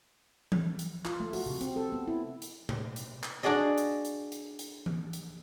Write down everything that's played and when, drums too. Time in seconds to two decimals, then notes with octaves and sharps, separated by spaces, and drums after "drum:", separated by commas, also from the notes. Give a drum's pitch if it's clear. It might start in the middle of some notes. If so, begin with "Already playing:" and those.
0.52 drum: tom E3
0.79 drum: hi-hat
1.05 F4, drum: clap
1.20 A3
1.33 F#4, drum: open hi-hat
1.46 C3
1.61 C4, drum: hi-hat
1.76 A4
1.92 B3
2.07 E4
2.42 drum: hi-hat
2.69 drum: tom B2
2.96 drum: hi-hat
3.23 drum: clap
3.43 D4 F#4 G#4 D5 D#5
3.78 drum: hi-hat
4.05 drum: hi-hat
4.32 drum: hi-hat
4.59 drum: hi-hat
4.86 drum: tom E3
5.13 drum: hi-hat